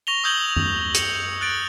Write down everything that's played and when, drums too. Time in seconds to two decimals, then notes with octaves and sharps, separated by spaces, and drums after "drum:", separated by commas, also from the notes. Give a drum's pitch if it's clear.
0.07 C#6 A#6 F7 G7
0.24 D#6 E6 G6 G#6 F#7 G7
0.38 D#6
0.56 drum: tom F#2
0.94 C#7 F#7, drum: hi-hat
1.41 F#6 A6 D7 F#7